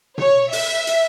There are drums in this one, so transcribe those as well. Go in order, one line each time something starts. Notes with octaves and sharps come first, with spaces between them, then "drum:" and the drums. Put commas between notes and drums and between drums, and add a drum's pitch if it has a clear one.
C#5, drum: tom B2
E5, drum: open hi-hat
drum: hi-hat